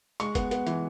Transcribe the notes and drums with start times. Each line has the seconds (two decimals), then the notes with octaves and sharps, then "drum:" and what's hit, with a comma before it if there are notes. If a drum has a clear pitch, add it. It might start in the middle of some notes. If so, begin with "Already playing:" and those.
0.20 G#3 C#6, drum: hi-hat
0.35 B3, drum: kick, hi-hat
0.51 B3, drum: hi-hat
0.67 E3, drum: hi-hat